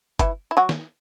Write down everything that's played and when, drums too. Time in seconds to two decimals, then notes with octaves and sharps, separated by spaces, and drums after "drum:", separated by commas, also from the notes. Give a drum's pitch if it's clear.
0.19 E3 E4, drum: kick G1, hi-hat
0.51 E4
0.57 F#3 F#4
0.69 drum: snare